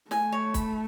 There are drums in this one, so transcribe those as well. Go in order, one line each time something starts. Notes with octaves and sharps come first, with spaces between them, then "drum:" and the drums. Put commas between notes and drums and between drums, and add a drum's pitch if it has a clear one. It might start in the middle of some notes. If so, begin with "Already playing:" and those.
A3 G#5, drum: snare
C#5
B5, drum: kick, hi-hat